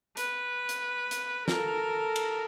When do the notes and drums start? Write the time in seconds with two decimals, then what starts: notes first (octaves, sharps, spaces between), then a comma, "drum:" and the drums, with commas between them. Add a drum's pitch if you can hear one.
0.17 B4, drum: hi-hat
0.69 drum: hi-hat
1.11 drum: hi-hat
1.48 A4 A#4, drum: snare
2.16 drum: cymbal